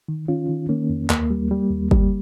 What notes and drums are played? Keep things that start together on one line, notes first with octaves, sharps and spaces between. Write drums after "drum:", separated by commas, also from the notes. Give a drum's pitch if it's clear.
D#3
D#3 C#4 F4
D#3
D#3 A#3 C#4
F2
D#2 A#3, drum: clap
G3
G3
D#2
G3, drum: kick